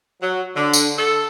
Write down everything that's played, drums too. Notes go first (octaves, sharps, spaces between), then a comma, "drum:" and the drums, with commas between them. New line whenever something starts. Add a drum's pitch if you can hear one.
F#3
D3
drum: tambourine
A4